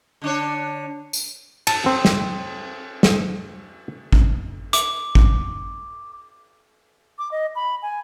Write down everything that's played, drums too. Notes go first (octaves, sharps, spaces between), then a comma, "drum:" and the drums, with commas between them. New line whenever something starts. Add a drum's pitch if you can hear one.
D3 D4 C#5
drum: tambourine
A5, drum: cymbal
C4
drum: snare
drum: snare
drum: kick
D6, drum: hi-hat
drum: kick
D6
D#5
B5
G#5